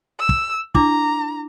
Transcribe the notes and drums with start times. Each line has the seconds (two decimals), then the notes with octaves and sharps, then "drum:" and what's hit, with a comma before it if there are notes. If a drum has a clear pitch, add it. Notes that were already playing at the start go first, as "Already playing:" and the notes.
0.19 E6
0.29 drum: kick
0.75 D4 E4 A#5 D6, drum: kick